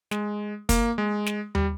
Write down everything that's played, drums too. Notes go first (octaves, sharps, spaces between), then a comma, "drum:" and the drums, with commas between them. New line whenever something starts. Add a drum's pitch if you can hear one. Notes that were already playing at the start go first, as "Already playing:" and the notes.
G#3, drum: snare
A#3, drum: kick, hi-hat
G#3
drum: snare
G3, drum: tom